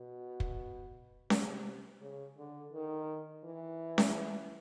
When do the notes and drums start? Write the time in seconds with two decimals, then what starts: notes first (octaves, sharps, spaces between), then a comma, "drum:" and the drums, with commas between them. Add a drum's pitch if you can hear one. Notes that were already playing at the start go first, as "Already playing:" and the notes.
Already playing: B2
0.40 drum: kick
1.30 C3, drum: snare C#4
2.01 C#3
2.38 D3
2.73 D#3
3.45 E3
3.98 drum: snare C#4